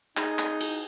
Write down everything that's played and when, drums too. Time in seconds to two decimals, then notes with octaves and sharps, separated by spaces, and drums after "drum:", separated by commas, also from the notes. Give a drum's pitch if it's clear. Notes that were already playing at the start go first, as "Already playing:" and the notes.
0.17 D#4 G#4, drum: clap
0.39 drum: clap
0.60 drum: cymbal